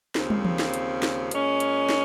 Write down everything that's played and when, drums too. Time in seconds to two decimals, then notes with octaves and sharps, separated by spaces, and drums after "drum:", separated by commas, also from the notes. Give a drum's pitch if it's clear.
0.15 D#2 C#3 F3 C4, drum: snare
0.30 drum: tom
0.45 drum: tom E3
0.59 drum: snare
0.74 drum: hi-hat
1.02 drum: snare
1.31 A#2 G#3 C#4, drum: hi-hat
1.60 drum: hi-hat
1.89 drum: snare